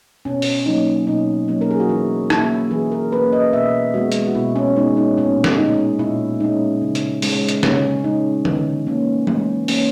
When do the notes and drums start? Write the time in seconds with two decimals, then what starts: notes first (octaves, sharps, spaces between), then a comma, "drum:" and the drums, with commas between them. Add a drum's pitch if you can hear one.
0.25 B2 C#4
0.42 drum: open hi-hat
0.66 F#3 A#3 C#4 D#4
1.07 B2 D#4
1.48 F#3 A#3 C#4
1.61 A#4
1.71 G#4
1.80 F#4
1.89 E3 E4
2.30 A#3 C#4 E4, drum: rim click
2.71 E3 G#4
2.92 A#4
3.12 A#3 C#4 B4
3.33 D#5
3.53 B2 E5
3.94 G#3 B3 F#4
4.12 drum: hi-hat
4.27 F#4
4.35 B2 E4
4.56 C#4
4.76 G#3 B3 D#4
4.97 D#4
5.18 A#2 C#4
5.44 drum: snare
5.58 G#3 C#4 D#4
5.99 A#2 E4
6.40 G#3 C#4 D#4
6.81 C#3
6.95 drum: hi-hat
7.22 G#3 C#4, drum: open hi-hat
7.49 drum: hi-hat
7.63 C#3 C#4, drum: snare
8.04 G#3 C#4 D#4
8.45 E3, drum: tom D3
8.87 A#3 C#4
9.27 E3, drum: tom G#3
9.68 A#3 C#4, drum: open hi-hat